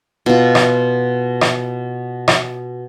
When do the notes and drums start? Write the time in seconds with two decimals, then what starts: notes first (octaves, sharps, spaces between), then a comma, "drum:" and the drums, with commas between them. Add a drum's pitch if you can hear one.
0.26 B2 F4
0.55 drum: rim click
1.41 drum: rim click
2.28 drum: rim click